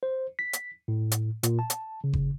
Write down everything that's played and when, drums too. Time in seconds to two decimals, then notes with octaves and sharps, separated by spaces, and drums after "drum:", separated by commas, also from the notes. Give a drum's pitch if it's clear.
0.03 C5
0.39 B6
0.53 drum: hi-hat
0.88 A2
1.12 drum: hi-hat
1.43 A#2, drum: hi-hat
1.59 A5
1.70 drum: hi-hat
2.04 C#3
2.13 drum: kick F#1